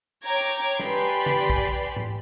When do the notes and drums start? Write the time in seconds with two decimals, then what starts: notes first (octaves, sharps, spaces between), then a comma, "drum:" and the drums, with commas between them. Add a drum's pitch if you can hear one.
0.25 C#5 G5 A#5 D6 G#6
0.79 G4 B4 D5 G#5 B5 C6, drum: snare
1.26 drum: tom C#3
1.50 drum: kick
1.96 drum: tom G#2